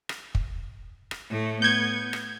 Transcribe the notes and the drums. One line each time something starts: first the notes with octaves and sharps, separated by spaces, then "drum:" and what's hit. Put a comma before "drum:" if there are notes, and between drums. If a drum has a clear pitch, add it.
drum: rim click
drum: kick
drum: rim click
A2 A3
B3 G6 G#6
drum: rim click